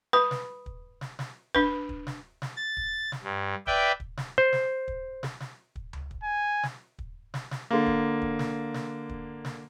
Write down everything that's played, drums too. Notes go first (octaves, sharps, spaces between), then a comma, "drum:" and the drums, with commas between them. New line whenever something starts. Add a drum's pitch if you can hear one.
B4 B5 D#6
drum: snare
drum: kick
drum: snare
drum: snare
D4 B4, drum: kick
drum: kick
drum: snare
drum: snare
A6
drum: kick
drum: snare
G2
B4 D5 E5 G5, drum: kick
drum: kick
drum: snare
C5
drum: snare
drum: kick
drum: snare
drum: snare
drum: kick
drum: tom C#2
drum: kick
G#5
drum: snare
drum: kick
drum: snare
drum: snare
D3 A#3
drum: kick
drum: kick
drum: snare
drum: snare
drum: kick
drum: snare